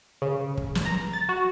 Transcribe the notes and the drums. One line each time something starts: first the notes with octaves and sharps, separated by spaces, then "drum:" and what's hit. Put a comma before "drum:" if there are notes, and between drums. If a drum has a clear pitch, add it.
C#3
drum: kick
drum: snare
A#5
A6
F#4